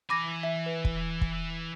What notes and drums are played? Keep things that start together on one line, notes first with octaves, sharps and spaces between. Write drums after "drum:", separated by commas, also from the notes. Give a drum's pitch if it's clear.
E3 G#5 B5 D6 A#6
E5
B4
drum: kick
drum: kick